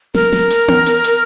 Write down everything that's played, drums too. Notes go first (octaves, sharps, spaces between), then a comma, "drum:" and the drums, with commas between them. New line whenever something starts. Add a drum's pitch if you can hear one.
A#4, drum: snare
drum: snare
drum: hi-hat
drum: tom B3
drum: hi-hat
drum: hi-hat